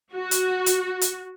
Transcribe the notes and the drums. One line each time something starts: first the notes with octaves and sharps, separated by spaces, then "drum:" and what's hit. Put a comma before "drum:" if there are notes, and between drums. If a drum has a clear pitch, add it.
F#4
drum: hi-hat
drum: hi-hat
drum: hi-hat